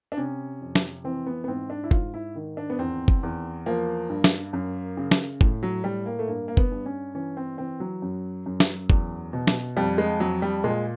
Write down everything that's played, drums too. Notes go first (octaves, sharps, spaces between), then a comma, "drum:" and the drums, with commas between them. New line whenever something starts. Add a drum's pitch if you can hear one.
D4
C3 C#4
F2
drum: snare
E3 C4
B3
B3
G#2 C4
D4
E4
G#2 F4, drum: kick F#1
E4
D#3
D4
B3
E2 C4
drum: kick F#1
E2
F3 A#3
G2
drum: snare
F#2
C#3
drum: snare
A2, drum: kick F#1
F#3
A2 G3
A#3
A3
G2 A#3
A#3
B3, drum: kick F#1
G2
C#4
E3 C#4
C4
E3 C4
F#3
F#2
F#2
drum: snare
E2, drum: kick F#1
B2
drum: snare
F2 G3
G#3
F2 F#3
G3
A#2 G#3